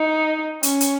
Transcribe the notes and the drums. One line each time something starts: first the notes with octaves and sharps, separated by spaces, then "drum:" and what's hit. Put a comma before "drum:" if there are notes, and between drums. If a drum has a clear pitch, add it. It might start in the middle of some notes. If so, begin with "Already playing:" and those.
Already playing: D#4
C#4, drum: hi-hat
drum: hi-hat